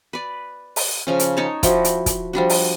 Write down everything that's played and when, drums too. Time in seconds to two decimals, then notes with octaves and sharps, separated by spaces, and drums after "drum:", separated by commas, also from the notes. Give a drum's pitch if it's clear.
0.13 B4 D5
0.76 drum: open hi-hat
1.07 C#3 F3 C#4
1.19 drum: hi-hat
1.37 D#4 C#5 A5
1.63 F3 E4 F#4 G5, drum: kick, hi-hat
1.84 drum: hi-hat
2.06 drum: kick, hi-hat
2.33 F3 G3 D4 F#4
2.50 drum: open hi-hat